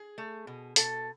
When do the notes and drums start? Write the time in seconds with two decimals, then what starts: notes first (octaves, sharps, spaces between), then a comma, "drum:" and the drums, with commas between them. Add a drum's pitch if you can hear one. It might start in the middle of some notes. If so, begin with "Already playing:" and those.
Already playing: G#4
0.18 A3
0.47 B2
0.76 B2 A4, drum: hi-hat